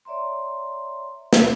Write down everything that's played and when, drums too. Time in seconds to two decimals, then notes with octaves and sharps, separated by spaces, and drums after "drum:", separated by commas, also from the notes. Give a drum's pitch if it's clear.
0.05 C#5 D5 E5 A#5 C6
1.33 drum: snare